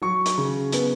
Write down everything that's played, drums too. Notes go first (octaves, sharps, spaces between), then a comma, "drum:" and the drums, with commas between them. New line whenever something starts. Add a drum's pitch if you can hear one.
F#3 C#6
drum: hi-hat
C#3
B3, drum: hi-hat